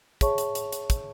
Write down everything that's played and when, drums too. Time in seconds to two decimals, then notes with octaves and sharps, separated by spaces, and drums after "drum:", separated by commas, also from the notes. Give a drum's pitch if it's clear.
0.21 G#4 C#5 E5 A5 C#6, drum: kick, hi-hat
0.38 drum: hi-hat
0.55 drum: hi-hat
0.72 drum: hi-hat
0.90 drum: kick, hi-hat